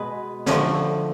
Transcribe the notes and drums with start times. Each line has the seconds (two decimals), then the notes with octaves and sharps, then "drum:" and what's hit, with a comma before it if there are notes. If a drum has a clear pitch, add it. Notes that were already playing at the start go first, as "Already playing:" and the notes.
Already playing: B2 G#3 B4
0.46 D3 F3 A3, drum: snare